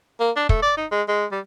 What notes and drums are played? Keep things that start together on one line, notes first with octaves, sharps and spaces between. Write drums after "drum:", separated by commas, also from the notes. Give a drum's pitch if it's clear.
A#3
D4
A3, drum: kick
D5
D#4
G#3
G#3
G3